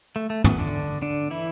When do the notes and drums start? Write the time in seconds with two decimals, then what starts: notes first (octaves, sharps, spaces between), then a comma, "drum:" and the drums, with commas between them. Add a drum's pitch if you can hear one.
0.16 A3
0.30 A3
0.44 B3, drum: tom
0.59 D3 D4
1.02 D3 D4
1.31 E3 E4